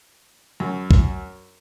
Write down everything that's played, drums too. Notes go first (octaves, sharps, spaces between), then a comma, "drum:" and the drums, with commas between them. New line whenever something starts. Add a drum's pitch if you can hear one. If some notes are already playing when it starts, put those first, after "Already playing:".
F#2
drum: kick